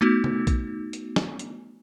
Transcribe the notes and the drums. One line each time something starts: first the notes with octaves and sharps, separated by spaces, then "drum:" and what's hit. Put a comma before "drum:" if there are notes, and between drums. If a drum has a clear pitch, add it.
A3 B3 D#4 F#4
drum: tom C3
drum: kick, hi-hat
drum: hi-hat
drum: snare
drum: hi-hat